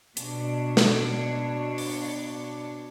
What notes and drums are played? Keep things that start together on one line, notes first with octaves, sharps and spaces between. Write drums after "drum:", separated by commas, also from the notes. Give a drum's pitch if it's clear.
B2 D4 C#5, drum: hi-hat
drum: snare
drum: open hi-hat